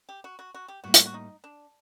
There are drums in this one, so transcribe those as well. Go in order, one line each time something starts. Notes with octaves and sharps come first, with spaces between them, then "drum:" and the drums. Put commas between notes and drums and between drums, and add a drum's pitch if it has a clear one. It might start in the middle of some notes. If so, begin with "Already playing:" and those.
G4
F#4
F#4
F#4
G4
A2 G3 A#3 F#4
drum: hi-hat
F#4
D#4
D4